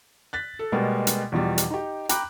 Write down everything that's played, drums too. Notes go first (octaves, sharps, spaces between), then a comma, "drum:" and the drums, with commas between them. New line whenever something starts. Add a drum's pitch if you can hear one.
F#6 A6 B6
A4
B2 G3 G#3 A#3 B3
drum: hi-hat
E2 B2 F3 G3
drum: hi-hat
D#4 G4
G5 A#5 B5 D6 F#6, drum: hi-hat